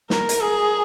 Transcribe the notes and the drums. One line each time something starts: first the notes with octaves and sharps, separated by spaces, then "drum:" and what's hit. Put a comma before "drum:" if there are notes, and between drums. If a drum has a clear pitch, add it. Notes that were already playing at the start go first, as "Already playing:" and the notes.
A#4, drum: snare
drum: hi-hat
G#4